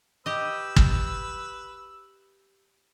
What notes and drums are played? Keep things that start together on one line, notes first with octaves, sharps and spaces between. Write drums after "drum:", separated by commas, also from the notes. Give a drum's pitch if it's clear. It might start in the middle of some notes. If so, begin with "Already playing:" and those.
G4 B4 D#5 E6
drum: kick